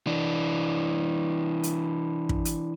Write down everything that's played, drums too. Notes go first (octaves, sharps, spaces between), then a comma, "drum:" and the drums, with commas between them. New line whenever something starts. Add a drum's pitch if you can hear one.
E3 D4
drum: hi-hat
drum: kick
drum: hi-hat